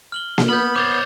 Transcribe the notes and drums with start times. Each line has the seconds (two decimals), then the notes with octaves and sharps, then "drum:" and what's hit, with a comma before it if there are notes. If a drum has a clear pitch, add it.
0.12 F6 F#7 G7
0.38 drum: snare A#3
0.49 B3 B5 F6 G6
0.76 C5 C#5 D6 A6